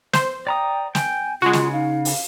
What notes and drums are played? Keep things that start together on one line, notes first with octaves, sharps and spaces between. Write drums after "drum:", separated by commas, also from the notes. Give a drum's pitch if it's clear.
C5, drum: snare
D5 G5 A#5 D#6
G5 G#5, drum: snare
C#3 G#3 F4 F#4 C6
drum: snare
D#4 F5
drum: open hi-hat